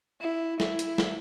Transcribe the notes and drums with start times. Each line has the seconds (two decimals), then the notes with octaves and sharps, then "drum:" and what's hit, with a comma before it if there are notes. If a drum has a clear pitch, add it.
0.21 E4
0.60 E4, drum: snare
0.79 drum: hi-hat
0.98 drum: snare